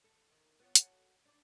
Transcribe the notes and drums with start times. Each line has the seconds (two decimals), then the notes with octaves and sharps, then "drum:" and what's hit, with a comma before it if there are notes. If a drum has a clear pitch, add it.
0.04 A4
0.32 D#3
0.60 B3 F4 C#5
0.75 F#4 A4 C#5, drum: hi-hat
1.25 D4 D5